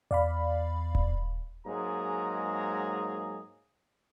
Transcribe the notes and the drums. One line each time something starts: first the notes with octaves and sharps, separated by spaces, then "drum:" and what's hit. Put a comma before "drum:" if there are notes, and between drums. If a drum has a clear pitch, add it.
E2 D5 F5 B5
drum: kick D#1
G#2 F#3 G#3 A#3 G#4 A#5